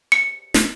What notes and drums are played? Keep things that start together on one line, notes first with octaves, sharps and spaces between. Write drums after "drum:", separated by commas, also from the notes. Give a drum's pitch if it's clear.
C#7
drum: snare